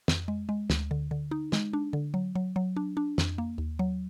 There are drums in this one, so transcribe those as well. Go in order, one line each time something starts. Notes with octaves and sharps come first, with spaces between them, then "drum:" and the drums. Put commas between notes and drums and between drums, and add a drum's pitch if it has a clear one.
F2, drum: snare
G#3
G#3
D2, drum: snare
D3
D3
D#4
G#3, drum: snare
D4
D3
F#3
F#3
F#3
D4
D4
F2, drum: snare
A#3
D#2
F#3